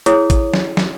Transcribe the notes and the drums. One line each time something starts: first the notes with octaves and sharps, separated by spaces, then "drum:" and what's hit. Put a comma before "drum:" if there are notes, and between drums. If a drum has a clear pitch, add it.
E4 G#4 C#5 D#6, drum: hi-hat
drum: kick, hi-hat
drum: snare
drum: snare